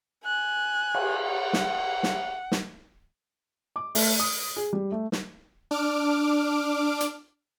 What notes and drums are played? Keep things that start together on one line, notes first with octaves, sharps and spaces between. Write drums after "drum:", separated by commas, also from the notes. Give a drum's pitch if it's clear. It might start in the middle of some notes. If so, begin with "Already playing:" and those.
G#5 F#6
drum: cymbal
F#5
drum: snare
drum: snare
drum: snare
D6
A3, drum: open hi-hat
D#6
G#4
G3
A3
drum: snare
D4 D6 F6 D7
drum: hi-hat